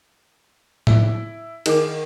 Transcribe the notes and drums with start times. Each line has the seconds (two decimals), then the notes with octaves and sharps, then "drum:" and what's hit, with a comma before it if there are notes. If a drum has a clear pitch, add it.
0.87 E4, drum: tom A2
1.66 D#3 G#4 D6, drum: cymbal